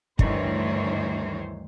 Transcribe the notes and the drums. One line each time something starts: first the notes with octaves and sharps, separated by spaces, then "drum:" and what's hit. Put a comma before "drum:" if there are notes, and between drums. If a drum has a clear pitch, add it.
D2 G2 D#3 E3 C5 C#5, drum: kick